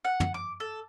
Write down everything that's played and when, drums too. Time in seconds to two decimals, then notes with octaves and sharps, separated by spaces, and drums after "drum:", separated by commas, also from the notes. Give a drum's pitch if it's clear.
0.05 F#5
0.20 drum: tom
0.34 D6
0.60 A4